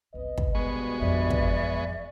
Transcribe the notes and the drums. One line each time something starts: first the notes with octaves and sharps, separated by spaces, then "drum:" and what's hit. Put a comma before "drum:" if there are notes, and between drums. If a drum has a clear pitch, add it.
G1 C2 B4 D#5
drum: kick
D2 G2 B2 G#3 B3 C#6
A1 F2 D5 E5
drum: kick